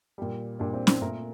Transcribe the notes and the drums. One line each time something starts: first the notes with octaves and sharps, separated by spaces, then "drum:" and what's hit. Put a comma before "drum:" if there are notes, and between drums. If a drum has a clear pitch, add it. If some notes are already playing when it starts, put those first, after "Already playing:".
A#2 G3
A#2 G3 D4 D5
C4 C5
C4 C5, drum: snare
A#2 A3 A#4